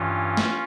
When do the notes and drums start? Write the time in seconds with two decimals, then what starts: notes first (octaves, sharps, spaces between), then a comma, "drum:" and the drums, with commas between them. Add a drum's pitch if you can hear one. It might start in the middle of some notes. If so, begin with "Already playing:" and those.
Already playing: G2 E3 C#4 F4
0.37 drum: snare